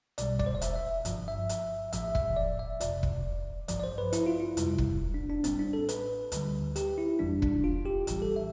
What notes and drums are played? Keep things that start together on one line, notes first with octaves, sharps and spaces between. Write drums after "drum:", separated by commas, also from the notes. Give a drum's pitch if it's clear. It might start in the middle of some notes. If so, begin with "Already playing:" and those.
B1 B2 G3 D5, drum: hi-hat
D5, drum: kick
C5
D5
E5, drum: hi-hat
E5
G1 G2 F3, drum: hi-hat
E5
drum: hi-hat
A1 A2 F3 E5, drum: hi-hat
E5, drum: kick
D5
E5
G1 F2 C3 D5, drum: hi-hat
drum: kick
A1 G2 F3 D5, drum: hi-hat
D5
C5
B4
E4, drum: hi-hat
F4
E4
F2 C3 G3, drum: hi-hat
drum: kick
D4
D4
A1 A2 G3 C4, drum: hi-hat
D4
A4
B4, drum: hi-hat
D2 D3 G3, drum: hi-hat
G4, drum: hi-hat
E4
G1 F2 E3 G3 D4
D4, drum: kick
F4
G4
A1 A2 E3 G3 G4, drum: hi-hat
A4
E5